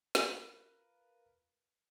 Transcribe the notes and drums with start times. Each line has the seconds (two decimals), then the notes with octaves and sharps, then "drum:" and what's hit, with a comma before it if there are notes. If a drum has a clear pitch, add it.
0.15 F4 A#4 B4, drum: snare